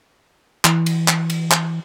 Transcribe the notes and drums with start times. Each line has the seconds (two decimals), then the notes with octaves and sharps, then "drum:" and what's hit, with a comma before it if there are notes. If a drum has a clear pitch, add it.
0.65 E3, drum: clap
0.86 drum: cymbal
1.08 drum: clap
1.30 drum: cymbal
1.51 drum: clap